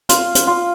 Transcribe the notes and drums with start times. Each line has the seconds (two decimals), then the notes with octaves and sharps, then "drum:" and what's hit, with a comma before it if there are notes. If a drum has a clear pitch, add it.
0.09 F4, drum: hi-hat
0.35 drum: hi-hat
0.47 F4